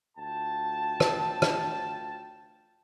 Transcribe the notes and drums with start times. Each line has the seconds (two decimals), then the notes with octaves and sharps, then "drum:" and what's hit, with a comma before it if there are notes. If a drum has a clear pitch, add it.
0.17 D2 F4 G5 A5
1.00 drum: rim click
1.42 drum: rim click